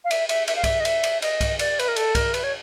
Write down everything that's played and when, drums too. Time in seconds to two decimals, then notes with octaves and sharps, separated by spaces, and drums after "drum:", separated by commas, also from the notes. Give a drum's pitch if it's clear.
0.05 F5
0.11 E5, drum: cymbal
0.29 E5, drum: cymbal
0.48 E5, drum: cymbal
0.56 F5
0.64 E5, drum: kick C2, cymbal
0.80 D#5
0.85 E5, drum: cymbal
1.03 drum: cymbal
1.22 D#5, drum: cymbal
1.41 drum: kick C2, cymbal
1.59 D5, drum: cymbal
1.79 B4, drum: cymbal
1.88 A#4
1.96 A4, drum: cymbal
2.15 A#4, drum: kick C2, cymbal
2.34 B4, drum: cymbal
2.44 C#5